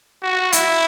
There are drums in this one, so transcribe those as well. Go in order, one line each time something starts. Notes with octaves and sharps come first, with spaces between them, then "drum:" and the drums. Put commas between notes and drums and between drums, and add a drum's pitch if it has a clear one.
F#4
E4, drum: hi-hat